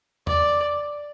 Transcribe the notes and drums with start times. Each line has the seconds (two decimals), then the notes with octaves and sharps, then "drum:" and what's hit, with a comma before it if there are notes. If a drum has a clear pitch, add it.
0.27 D5, drum: tom E2